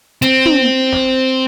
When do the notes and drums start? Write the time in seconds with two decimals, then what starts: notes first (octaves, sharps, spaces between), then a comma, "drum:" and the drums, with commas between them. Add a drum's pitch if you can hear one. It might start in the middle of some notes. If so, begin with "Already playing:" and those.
0.22 C4, drum: hi-hat
0.46 drum: tom
0.93 drum: snare